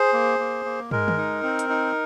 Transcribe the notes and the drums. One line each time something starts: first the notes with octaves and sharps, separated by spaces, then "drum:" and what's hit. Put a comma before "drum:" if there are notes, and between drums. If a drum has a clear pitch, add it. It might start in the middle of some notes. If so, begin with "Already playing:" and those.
Already playing: G#4 C5
A#3
A#3
A#3
G#3 A#4, drum: tom
drum: tom
D#4
C4
drum: hi-hat
D#4